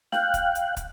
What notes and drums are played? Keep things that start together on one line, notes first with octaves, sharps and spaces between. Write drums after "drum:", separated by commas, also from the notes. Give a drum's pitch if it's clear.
F5 G5 F#6, drum: snare
drum: kick, hi-hat
drum: hi-hat
drum: kick, hi-hat